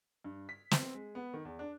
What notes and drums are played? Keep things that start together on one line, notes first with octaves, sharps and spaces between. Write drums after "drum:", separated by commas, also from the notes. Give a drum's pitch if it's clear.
G2
B6
C4, drum: snare
G#3
B3
D#3
E2
D4